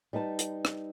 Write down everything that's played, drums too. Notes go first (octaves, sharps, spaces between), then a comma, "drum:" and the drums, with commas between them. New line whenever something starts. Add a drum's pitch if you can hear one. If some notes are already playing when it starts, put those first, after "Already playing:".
G3 D#4 B4 A5
drum: hi-hat
drum: rim click